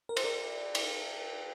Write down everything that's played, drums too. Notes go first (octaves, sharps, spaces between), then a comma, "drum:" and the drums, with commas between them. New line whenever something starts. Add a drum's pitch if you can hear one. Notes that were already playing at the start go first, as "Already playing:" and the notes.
A#4
C5, drum: cymbal
A#4 D5
drum: cymbal